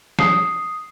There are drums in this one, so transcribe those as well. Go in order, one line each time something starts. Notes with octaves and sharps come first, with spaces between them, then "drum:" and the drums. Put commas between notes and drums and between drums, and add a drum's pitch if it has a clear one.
D#6 C7, drum: snare